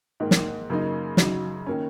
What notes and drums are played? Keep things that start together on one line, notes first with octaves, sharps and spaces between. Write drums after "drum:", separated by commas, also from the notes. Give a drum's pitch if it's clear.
G#2 D#3 A#3
drum: snare
F#2 C#3 A#3 D#4
F#2 C#3 F#3 D#4, drum: snare
D#3 A#3 C#4